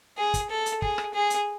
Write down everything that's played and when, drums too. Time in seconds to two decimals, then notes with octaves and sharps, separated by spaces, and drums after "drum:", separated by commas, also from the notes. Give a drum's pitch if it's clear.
0.18 G#4
0.34 drum: kick, hi-hat
0.50 A4
0.66 drum: hi-hat
0.82 G#4, drum: kick
0.98 drum: rim click
1.14 G#4
1.30 drum: hi-hat